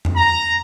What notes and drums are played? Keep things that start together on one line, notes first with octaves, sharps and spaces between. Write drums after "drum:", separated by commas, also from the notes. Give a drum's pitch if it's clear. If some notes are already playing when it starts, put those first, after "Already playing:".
drum: tom F2
A#5